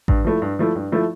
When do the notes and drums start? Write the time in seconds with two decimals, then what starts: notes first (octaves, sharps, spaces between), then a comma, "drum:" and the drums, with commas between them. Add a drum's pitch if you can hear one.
0.08 G2, drum: kick A1
0.25 F3 A3 E4
0.42 G2
0.59 F3 A3 E4
0.75 G2
0.92 F3 A3 E4